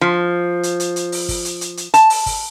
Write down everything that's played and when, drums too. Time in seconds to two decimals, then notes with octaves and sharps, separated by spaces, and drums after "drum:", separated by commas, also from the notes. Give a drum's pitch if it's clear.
0.01 F3
0.63 drum: hi-hat
0.80 drum: hi-hat
0.96 drum: hi-hat
1.12 drum: open hi-hat
1.29 drum: kick, open hi-hat
1.45 drum: hi-hat
1.61 drum: hi-hat
1.77 drum: hi-hat
1.94 A5, drum: hi-hat
2.10 drum: open hi-hat
2.26 drum: kick, open hi-hat